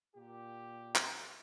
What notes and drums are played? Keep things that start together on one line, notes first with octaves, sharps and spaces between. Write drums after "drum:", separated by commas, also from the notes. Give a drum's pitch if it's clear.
A#2 G4
drum: clap